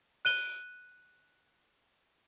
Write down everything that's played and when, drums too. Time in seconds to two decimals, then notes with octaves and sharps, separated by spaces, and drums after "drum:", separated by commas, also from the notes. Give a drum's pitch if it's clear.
0.25 F#6 D#7 G7, drum: open hi-hat